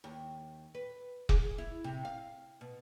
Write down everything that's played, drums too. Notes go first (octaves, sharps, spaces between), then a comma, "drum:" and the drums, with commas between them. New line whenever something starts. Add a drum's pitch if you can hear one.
D#2
B4
G#4, drum: kick
E4
C3
F5
B2